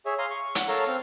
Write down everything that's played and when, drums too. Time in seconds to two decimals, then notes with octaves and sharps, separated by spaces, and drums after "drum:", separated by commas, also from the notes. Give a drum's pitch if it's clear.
0.06 G#4 C#5 E5
0.19 F5 A#5 C6 D#6
0.31 C#6
0.55 F#5, drum: hi-hat
0.68 A4 A#4 C#5 F5 A5 A#5
0.87 C4 F5